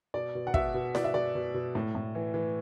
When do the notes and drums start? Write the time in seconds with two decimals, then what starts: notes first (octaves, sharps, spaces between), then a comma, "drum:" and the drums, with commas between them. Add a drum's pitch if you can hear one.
0.14 B2 D5
0.35 B2
0.47 F#5
0.54 B2 E5, drum: kick
0.74 B2
0.95 B2 D5, drum: snare E4
1.04 E5
1.14 B2 D5
1.35 B2
1.54 B2
1.75 A2
1.95 A2
2.15 E3
2.34 E3